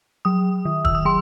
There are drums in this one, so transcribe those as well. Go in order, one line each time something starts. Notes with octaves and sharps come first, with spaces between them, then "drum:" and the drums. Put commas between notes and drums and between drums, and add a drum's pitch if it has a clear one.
F#3 D#6
D#3
E6, drum: kick
D#6
F#3 C6